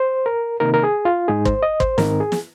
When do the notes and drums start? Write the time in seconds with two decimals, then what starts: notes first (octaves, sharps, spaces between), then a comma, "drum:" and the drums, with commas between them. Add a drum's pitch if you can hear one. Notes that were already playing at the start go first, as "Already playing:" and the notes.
Already playing: C5
0.26 A#4
0.60 C3 D#3 A#3 D#4 A#4
0.74 A#4
0.83 G#4
1.05 F4
1.28 G#2 G#3 D#4 G#4
1.45 C5, drum: kick
1.63 D#5
1.80 C5, drum: kick
1.98 G#2 D#3 C4 D#4 A#4, drum: snare
2.20 G#4
2.32 drum: snare